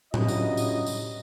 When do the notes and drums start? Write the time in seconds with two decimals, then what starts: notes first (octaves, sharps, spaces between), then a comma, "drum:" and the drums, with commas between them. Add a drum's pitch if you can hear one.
0.14 G2 C#3 F#3 E4 F4 D#5, drum: tom A2
0.28 drum: tambourine
0.57 drum: tambourine
0.86 drum: tambourine